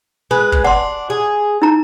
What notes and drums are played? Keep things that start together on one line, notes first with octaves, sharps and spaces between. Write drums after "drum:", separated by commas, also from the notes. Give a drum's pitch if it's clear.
G#3 B4
drum: kick
D4 F#5 C6
G#4
D#4 E4 A#5